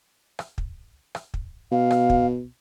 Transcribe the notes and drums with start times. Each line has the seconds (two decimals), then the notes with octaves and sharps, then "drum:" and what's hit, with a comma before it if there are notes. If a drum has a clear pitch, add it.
0.39 drum: rim click
0.58 drum: kick
1.15 drum: rim click
1.34 drum: kick
1.72 B2 F5
1.91 drum: rim click
2.10 drum: kick